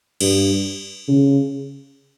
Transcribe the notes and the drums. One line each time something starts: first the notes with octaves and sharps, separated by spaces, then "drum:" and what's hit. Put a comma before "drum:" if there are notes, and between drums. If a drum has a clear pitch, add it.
G2, drum: cymbal
C#3